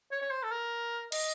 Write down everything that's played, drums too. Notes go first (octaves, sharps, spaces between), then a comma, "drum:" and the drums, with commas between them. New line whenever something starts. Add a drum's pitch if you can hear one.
C#5
C#5
C5
A4
A#4
D#5, drum: cymbal